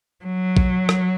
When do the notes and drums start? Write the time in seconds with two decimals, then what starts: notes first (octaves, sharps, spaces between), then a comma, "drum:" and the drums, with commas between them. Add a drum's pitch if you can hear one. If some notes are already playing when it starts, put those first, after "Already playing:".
0.25 F#3
0.57 drum: kick
0.89 drum: rim click